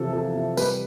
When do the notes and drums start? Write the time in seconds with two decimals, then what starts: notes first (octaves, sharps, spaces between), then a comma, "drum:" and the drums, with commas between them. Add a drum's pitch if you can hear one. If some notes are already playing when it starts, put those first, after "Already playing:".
Already playing: C3 E3 F3 A4
0.13 F3 A4
0.35 C3
0.57 G3 G4 B4, drum: tambourine